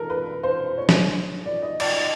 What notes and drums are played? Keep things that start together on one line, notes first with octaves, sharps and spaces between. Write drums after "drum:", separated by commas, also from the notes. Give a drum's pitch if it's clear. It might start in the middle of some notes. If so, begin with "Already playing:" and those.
Already playing: A4 A#4
B4
C5
C#5
drum: snare
D5
D#5
D5, drum: cymbal
D#5